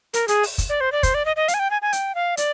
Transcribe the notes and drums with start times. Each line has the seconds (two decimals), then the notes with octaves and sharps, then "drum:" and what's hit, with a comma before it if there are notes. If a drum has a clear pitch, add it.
0.14 A#4, drum: hi-hat
0.28 G#4, drum: hi-hat
0.43 drum: open hi-hat
0.58 drum: kick, hi-hat
0.69 D5
0.81 C5
0.92 D5
1.03 C5, drum: kick, hi-hat
1.14 D5
1.26 D#5
1.36 D#5
1.48 F5, drum: hi-hat
1.54 G#5
1.59 G5
1.71 G#5
1.82 G#5
1.93 G5, drum: hi-hat
2.15 F5
2.37 D5, drum: hi-hat